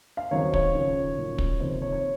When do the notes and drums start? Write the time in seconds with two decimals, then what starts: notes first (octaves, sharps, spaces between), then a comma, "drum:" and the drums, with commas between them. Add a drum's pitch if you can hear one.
0.17 F5
0.31 D#2 D#3 F#3 C4 D#4 C#5
0.54 C#5, drum: kick
0.74 D#2 C#3 F3
1.17 A#2 F#3 C#4
1.38 drum: kick
1.60 F2 C3 D#3 A#3 C5
1.82 C#5
1.92 C#5